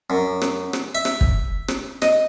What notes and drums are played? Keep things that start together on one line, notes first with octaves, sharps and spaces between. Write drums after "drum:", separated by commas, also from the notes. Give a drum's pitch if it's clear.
F#2
drum: rim click
drum: rim click
E5
drum: rim click
drum: kick
drum: rim click
D#5, drum: rim click